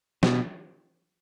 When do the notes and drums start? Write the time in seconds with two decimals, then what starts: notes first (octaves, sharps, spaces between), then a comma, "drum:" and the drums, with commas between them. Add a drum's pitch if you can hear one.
0.23 B2, drum: snare